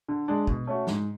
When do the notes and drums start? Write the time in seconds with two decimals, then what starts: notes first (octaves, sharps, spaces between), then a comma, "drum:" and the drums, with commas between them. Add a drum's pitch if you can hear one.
0.08 D3
0.28 G#3 D4
0.47 B2, drum: kick
0.67 A3 C#4 F#4
0.87 G#2, drum: snare